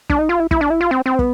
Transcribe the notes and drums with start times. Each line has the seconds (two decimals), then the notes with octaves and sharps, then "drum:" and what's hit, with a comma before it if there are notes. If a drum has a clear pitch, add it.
0.10 D4, drum: kick
0.19 D#4
0.29 F4
0.40 E4
0.51 E4, drum: kick
0.61 D4
0.70 E4
0.81 F4
0.91 C4
1.06 C4
1.19 B3, drum: kick